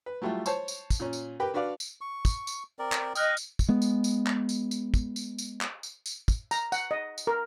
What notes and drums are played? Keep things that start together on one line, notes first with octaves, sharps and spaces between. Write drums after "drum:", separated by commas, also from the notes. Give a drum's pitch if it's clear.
B4
F#3 G3 A3 E4 F4
C5 C#5 A5 C#6, drum: tambourine
drum: tambourine
drum: kick, tambourine
A#2 C#4
drum: tambourine
G4 A#4 B4 G5 B5
D4 F#4 B4 D5 F5 D6
drum: tambourine
C#6
drum: kick, tambourine
drum: tambourine
C4 A#4 D5
drum: clap
D#5 G5 D#6 F6 F#6, drum: tambourine
drum: tambourine
drum: kick, tambourine
G#3 B3
drum: tambourine
drum: tambourine
drum: clap
drum: tambourine
drum: tambourine
drum: kick, tambourine
drum: tambourine
drum: tambourine
drum: clap
drum: tambourine
drum: tambourine
drum: kick, tambourine
A#5, drum: tambourine
F#5, drum: tambourine
D#5
drum: tambourine
A#4